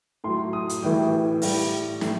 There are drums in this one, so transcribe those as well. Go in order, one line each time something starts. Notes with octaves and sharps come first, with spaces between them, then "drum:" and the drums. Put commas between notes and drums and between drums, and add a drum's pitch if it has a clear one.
A2 F#3 C6
D#6
drum: hi-hat
A2 E3 G3 G5
A2 G3, drum: open hi-hat
A2, drum: snare